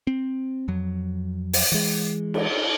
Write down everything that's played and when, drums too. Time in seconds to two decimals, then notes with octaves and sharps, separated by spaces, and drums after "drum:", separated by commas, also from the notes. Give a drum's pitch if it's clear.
0.07 C4
0.68 F2 F#3
1.53 drum: open hi-hat
1.72 E3 G#3
2.34 drum: cymbal